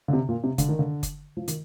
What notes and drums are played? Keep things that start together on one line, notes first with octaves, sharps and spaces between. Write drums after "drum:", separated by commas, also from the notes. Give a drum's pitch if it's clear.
D3
C3
A#2
C3
D3, drum: kick, hi-hat
D#3
D3
drum: kick, hi-hat
F3
D#3, drum: hi-hat